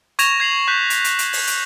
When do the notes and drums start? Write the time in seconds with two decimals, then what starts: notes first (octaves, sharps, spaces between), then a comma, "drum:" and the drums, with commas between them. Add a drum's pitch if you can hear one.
0.19 C#6 G#6 A#6 E7 F7, drum: hi-hat
0.40 G#6 C7 F7 F#7
0.68 C#6 F#6 G6 B6
0.90 drum: hi-hat
1.04 drum: hi-hat
1.19 drum: hi-hat
1.33 drum: open hi-hat
1.47 drum: hi-hat